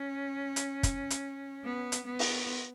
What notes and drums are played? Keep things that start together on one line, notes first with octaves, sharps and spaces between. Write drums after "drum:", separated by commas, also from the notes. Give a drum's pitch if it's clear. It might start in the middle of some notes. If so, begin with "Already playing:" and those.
Already playing: C#4
drum: hi-hat
drum: kick, hi-hat
drum: hi-hat
B3
drum: hi-hat
B3
drum: open hi-hat